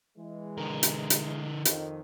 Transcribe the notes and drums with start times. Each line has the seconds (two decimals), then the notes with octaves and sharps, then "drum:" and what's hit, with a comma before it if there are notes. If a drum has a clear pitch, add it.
0.18 E3 G#3
0.58 D3 A#4
0.83 drum: hi-hat
1.10 drum: hi-hat
1.65 F2 D#3, drum: hi-hat